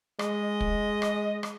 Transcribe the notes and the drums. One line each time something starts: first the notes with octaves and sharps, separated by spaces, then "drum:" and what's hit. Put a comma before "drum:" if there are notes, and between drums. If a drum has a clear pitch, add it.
G#3 D#5, drum: rim click
drum: kick
drum: rim click
drum: rim click